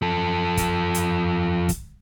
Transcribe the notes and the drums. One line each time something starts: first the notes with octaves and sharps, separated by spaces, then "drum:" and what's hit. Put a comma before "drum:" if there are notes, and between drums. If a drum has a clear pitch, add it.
F3 A4
drum: kick, hi-hat
drum: hi-hat
drum: kick, hi-hat